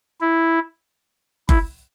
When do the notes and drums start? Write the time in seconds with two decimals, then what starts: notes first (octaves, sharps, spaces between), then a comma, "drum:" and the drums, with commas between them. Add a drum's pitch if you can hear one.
0.21 E4
1.49 E4, drum: kick F#1